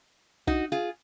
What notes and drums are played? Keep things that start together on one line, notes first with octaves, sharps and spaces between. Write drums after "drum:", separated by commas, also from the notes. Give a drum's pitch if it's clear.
D#4 F#4, drum: kick
F4 G#4